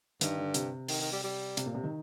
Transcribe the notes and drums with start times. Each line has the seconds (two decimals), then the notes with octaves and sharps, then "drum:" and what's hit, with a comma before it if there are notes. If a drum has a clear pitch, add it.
0.21 G2 D#3, drum: hi-hat
0.38 D3
0.54 C3, drum: hi-hat
0.88 D#3, drum: open hi-hat
1.01 D#3
1.12 G3
1.24 G3
1.57 C3, drum: hi-hat
1.66 A#2
1.75 C3
1.83 D#3